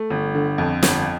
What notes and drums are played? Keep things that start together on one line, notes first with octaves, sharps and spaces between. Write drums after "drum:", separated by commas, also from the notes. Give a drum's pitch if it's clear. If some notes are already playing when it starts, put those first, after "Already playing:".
Already playing: A3
G1
D3
F2
G1, drum: snare